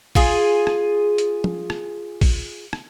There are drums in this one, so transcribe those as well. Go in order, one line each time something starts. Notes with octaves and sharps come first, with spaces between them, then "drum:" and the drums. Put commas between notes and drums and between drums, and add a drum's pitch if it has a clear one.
F4 G#4, drum: kick, open hi-hat
drum: rim click
drum: hi-hat
drum: tom F3
drum: rim click
drum: kick, open hi-hat
drum: rim click